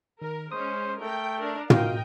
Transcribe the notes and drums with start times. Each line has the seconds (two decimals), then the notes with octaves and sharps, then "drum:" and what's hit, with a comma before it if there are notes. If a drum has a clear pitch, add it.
0.22 D#3 A#4
0.52 G#3 C#4 C5 D#6
1.01 A3 A#4 G5
1.38 D4 A#4
1.70 F4 F#4 A#4 D#5 F5 G5, drum: tom